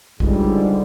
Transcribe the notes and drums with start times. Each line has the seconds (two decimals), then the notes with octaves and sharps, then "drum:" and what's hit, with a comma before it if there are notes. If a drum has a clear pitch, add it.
0.20 C#2 G#2 D3 G3, drum: kick